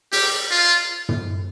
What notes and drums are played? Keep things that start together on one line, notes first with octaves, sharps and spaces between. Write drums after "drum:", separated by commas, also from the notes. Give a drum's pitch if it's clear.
G4, drum: open hi-hat
F4
drum: tom